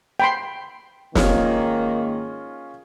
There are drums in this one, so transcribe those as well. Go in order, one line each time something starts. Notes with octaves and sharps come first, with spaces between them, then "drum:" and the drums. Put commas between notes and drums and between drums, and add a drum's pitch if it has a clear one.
G5 B5 C6
G#2 D#3 A#3 C#4 F4 G#4, drum: snare